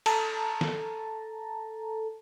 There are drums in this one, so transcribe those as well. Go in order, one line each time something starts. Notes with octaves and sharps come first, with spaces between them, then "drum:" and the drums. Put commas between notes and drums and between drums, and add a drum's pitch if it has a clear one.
A4 A5 A#5, drum: cymbal
drum: snare